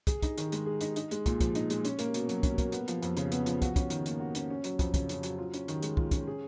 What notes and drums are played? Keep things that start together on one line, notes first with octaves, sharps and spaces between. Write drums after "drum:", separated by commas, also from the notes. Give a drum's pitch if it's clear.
G#4, drum: kick, hi-hat
D#4, drum: kick, hi-hat
D#3, drum: hi-hat
G#3, drum: hi-hat
G#4
D#4, drum: hi-hat
D#4, drum: hi-hat
G#3, drum: hi-hat
A#2, drum: kick, hi-hat
F3, drum: kick, hi-hat
D#4, drum: hi-hat
G#3, drum: hi-hat
C#4, drum: hi-hat
A#3, drum: hi-hat
B2, drum: hi-hat
F#3, drum: hi-hat
C#4, drum: kick, hi-hat
A#3, drum: kick, hi-hat
B3, drum: hi-hat
F3, drum: hi-hat
F2, drum: hi-hat
C#3, drum: hi-hat
B3, drum: hi-hat
F3, drum: hi-hat
F#4, drum: kick, hi-hat
C#4, drum: kick, hi-hat
D#3, drum: hi-hat
A#3, drum: hi-hat
F#4
C#4, drum: hi-hat
C#4
F#3, drum: hi-hat
F2, drum: kick, hi-hat
C#3, drum: kick, hi-hat
C#4, drum: hi-hat
F#3, drum: hi-hat
F4
C#4, drum: hi-hat
D#3, drum: hi-hat
G#3, drum: hi-hat
F4, drum: kick
C#4, drum: kick, hi-hat
G#4